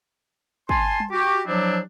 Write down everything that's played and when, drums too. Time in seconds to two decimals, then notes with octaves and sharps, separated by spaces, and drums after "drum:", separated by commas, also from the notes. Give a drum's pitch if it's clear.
0.69 G#5 A5 C6, drum: kick
1.00 drum: tom G3
1.11 F#4 G4
1.47 F3 F#3 D4 E4 G4